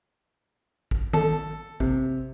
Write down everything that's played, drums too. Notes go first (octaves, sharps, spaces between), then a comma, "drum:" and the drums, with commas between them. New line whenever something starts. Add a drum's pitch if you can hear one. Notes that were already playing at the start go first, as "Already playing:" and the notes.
drum: kick A1
A4, drum: tom D#3
C3, drum: kick A1